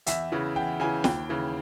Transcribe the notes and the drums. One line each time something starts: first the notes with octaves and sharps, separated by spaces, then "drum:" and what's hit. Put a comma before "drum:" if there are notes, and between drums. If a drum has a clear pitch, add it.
E2 E5, drum: hi-hat
C#3 E3
E2 G5
C#3 E3 G#5
D#2 G5, drum: snare
C#3 E3